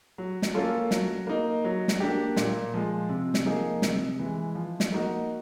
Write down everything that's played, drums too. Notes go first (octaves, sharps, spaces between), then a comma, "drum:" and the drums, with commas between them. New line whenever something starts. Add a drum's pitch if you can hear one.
F#3
drum: snare
A#3 C#4 F4 A4
F#3, drum: snare
A#3 D#4
F#3
drum: snare
A#3 D4 G4
A#2, drum: snare
F3 G#3
C3
drum: snare
F3 A#3 D#4 G#4
C3, drum: snare
E3 G#3
F3
drum: snare
A#3 D#4 F#4